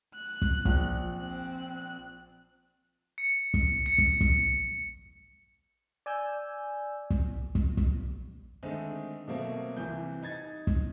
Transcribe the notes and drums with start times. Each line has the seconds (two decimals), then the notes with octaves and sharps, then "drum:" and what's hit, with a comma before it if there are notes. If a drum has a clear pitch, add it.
0.15 F#6
0.42 drum: kick
0.65 A#1, drum: kick
1.14 C4 F#6
3.18 C#7
3.54 drum: kick
3.86 C#7
3.98 drum: kick
4.21 drum: kick
6.06 D5 G#5 E6 G6
7.10 drum: kick
7.55 drum: kick
7.77 drum: kick
8.63 D3 D#3 G#3 A3 C4 D#4
9.28 B2 F#3 A3 A#3 C4
9.77 C2 C3 E3 G6
10.23 D#4 G#6 A6
10.67 drum: kick